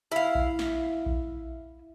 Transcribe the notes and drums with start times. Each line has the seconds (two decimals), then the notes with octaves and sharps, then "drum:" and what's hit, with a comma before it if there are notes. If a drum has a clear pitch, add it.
0.12 E4 F5
0.35 drum: kick A#1
0.59 drum: snare
1.06 drum: kick A#1